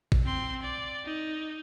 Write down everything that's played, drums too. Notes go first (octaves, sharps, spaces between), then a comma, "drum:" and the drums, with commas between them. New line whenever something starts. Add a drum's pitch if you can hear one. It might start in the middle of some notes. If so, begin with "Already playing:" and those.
drum: kick
C4 C6
D5
D#4